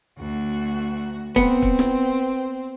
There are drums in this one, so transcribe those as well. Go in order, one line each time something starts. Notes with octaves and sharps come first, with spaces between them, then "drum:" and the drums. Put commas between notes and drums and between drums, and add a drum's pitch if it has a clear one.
D2 F#4
B3 C4, drum: kick
drum: kick
drum: snare